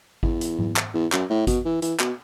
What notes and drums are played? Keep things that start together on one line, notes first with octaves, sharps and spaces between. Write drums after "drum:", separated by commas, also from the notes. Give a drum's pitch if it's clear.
E2, drum: kick G#1
drum: hi-hat
drum: tom G#2
drum: clap
E2
F#2, drum: clap
A2
B2, drum: kick G#1, hi-hat
E3
E3, drum: hi-hat
B2, drum: clap